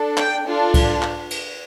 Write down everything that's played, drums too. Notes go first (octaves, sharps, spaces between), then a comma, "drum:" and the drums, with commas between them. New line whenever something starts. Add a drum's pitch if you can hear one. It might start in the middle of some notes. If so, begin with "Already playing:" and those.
Already playing: D4 A4
G5, drum: clap
D4 F4 A4
drum: kick C2, cymbal
drum: clap
drum: cymbal